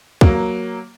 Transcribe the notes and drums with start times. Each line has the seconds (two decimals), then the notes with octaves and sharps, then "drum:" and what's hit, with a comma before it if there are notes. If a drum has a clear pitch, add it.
0.21 F#3 A#3, drum: kick